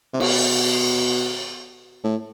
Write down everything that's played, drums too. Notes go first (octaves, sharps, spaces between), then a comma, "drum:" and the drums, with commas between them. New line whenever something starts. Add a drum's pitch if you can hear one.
C3
B2, drum: cymbal
A2